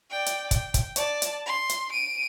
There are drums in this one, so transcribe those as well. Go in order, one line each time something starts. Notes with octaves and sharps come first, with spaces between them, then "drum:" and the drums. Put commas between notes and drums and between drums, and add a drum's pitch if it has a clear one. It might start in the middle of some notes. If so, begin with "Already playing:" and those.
D5 G5
drum: hi-hat
G5, drum: kick, hi-hat
drum: kick, hi-hat
D5 A5, drum: hi-hat
drum: hi-hat
C6
drum: hi-hat
D7 D#7